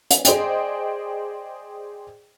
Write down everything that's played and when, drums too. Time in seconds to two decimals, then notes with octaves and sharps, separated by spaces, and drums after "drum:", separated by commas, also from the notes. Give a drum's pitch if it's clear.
0.11 drum: hi-hat
0.25 G#4 C5 D5 D#5 G5, drum: hi-hat